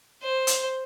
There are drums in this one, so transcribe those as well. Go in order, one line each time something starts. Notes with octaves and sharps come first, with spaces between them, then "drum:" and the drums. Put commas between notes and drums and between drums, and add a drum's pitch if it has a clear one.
C5
drum: hi-hat